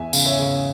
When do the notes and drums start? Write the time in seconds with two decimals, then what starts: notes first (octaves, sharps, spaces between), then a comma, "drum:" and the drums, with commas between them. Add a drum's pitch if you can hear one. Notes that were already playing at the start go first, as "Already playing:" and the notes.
Already playing: E2 E5 G#5
0.13 C#3, drum: tambourine
0.25 C#5 E5
0.39 C#3